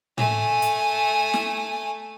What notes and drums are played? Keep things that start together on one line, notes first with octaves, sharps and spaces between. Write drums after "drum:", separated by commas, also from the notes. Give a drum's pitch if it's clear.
A3 G#5, drum: tom A2
drum: hi-hat
drum: snare